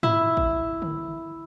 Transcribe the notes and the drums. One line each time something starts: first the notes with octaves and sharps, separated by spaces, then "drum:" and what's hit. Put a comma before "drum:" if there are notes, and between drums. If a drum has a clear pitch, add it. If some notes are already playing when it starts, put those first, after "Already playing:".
E4, drum: tom G#2
drum: kick
drum: tom D3